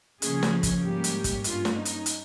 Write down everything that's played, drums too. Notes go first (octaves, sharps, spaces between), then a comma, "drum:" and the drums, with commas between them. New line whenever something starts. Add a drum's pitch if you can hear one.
C#3 F3 A#3 C#4 G#4, drum: hi-hat
drum: snare
drum: kick, hi-hat
G#2 G3 A#3 C#4 G4
drum: hi-hat
drum: kick, hi-hat
G2 G3 A#3 C#4 F4, drum: hi-hat
drum: snare
D#4
drum: hi-hat
drum: hi-hat